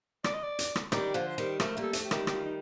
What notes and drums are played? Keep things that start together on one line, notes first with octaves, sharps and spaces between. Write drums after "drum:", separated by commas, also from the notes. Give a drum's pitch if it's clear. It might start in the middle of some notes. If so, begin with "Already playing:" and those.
D5, drum: rim click
D#5
D5
drum: hi-hat
drum: rim click
D#3 G3 D5, drum: rim click
D3 F3
C5
D#3 G3
F3 A3 A#4, drum: rim click
G3 A#3
A4
F3 A3, drum: hi-hat
G4
D#3 G3, drum: rim click
G4, drum: rim click
F4
D#4